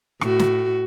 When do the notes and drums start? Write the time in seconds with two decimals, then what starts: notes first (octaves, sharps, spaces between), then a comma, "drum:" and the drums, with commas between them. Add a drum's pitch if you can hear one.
0.21 A2 F#4, drum: rim click
0.39 drum: snare